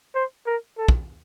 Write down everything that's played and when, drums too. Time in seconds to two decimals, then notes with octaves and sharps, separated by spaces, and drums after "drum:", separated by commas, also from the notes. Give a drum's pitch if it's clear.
0.15 C5
0.47 A#4
0.78 A4
0.88 drum: kick